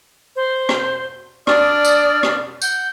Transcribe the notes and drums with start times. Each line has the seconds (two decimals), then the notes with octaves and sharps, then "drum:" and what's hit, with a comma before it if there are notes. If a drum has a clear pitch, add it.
0.36 C5
0.69 drum: rim click
1.47 D4 D5 D#6 F6, drum: rim click
1.85 drum: tambourine
2.23 drum: rim click
2.62 F#5 G6, drum: tambourine